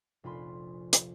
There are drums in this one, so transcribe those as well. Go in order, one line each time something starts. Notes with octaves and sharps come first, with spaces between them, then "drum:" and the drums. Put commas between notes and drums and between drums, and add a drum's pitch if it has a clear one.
F1 A#1 F4 B5 C6
drum: hi-hat